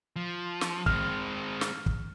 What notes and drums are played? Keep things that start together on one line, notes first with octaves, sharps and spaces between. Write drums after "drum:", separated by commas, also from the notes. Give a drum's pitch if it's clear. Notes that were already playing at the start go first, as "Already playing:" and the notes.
F3
drum: snare
G#3 C4 F6, drum: kick
drum: snare
drum: kick